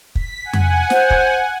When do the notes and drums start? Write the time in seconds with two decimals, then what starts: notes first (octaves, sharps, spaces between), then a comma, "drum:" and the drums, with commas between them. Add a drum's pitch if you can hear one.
0.15 B6, drum: kick
0.44 F#5 G#5
0.53 drum: tom F2
0.90 C5, drum: snare
1.10 drum: kick